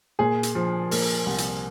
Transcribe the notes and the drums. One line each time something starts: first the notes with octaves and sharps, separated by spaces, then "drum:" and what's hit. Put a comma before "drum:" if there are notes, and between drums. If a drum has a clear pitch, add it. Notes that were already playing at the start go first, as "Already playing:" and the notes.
A#2 G#4
drum: hi-hat
F3
A#3, drum: open hi-hat
C2
drum: hi-hat